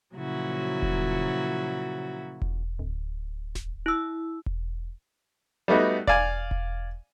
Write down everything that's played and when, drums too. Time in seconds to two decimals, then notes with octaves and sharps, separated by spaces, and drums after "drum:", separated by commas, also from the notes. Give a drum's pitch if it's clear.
0.14 A#2 C#3 F3 F#3 E4 F#4
0.82 drum: kick E1
2.42 drum: kick E1
2.79 D1
3.55 drum: snare F1
3.86 E4 E6
4.46 drum: kick E1
5.68 G3 A3 B3 D#4 F#4
6.07 D5 F5 G#5, drum: kick E1
6.51 drum: kick E1